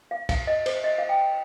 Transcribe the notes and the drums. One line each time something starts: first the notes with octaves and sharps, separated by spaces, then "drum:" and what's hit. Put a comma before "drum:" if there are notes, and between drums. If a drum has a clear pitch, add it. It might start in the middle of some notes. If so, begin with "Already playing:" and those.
F5
F5, drum: kick, cymbal
D#5
C5, drum: cymbal
D#5
F5
G5